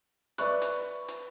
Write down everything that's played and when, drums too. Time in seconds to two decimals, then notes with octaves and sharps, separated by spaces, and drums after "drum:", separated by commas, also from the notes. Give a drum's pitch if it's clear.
0.38 B4 D5 E5 B5 C#6 F#6, drum: hi-hat
0.62 drum: hi-hat
1.08 drum: hi-hat